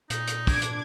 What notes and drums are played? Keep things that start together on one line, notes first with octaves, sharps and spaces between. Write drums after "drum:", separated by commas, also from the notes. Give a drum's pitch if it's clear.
A#2 D#4, drum: hi-hat
drum: hi-hat
D4 D6 G#6, drum: kick, open hi-hat
drum: hi-hat